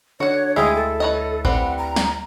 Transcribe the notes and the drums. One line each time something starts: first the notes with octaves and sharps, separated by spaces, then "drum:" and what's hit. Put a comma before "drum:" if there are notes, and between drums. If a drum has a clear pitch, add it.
D3 F#4 C#5 F#5
D2 G#3 E4 G#4 E5 F5 G5
A4
B4 C#5 D#5
G3 C4 B4 F#5, drum: kick A1
A#5
drum: snare